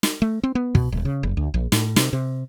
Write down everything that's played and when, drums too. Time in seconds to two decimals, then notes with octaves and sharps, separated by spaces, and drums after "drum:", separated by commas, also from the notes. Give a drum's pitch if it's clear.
0.03 drum: snare
0.22 A3
0.43 C4
0.55 B3
0.75 B2, drum: kick
0.92 D#1
1.05 C#3
1.23 F#1
1.37 D2
1.54 A#1
1.72 A2, drum: snare
1.96 C3, drum: snare
2.13 C3